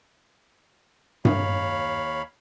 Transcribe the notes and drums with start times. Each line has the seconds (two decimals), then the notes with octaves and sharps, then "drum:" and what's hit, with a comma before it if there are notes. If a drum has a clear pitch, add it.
1.25 D#2 C#5 F5 B5, drum: tom G2